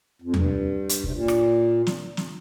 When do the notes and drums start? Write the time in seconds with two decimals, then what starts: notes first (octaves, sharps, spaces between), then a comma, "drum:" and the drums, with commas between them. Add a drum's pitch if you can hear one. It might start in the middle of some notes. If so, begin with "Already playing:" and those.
0.22 F2
0.34 G2, drum: tom E2
0.89 drum: hi-hat
1.04 C3, drum: kick
1.12 A#2
1.28 drum: rim click
1.87 drum: snare
2.17 drum: snare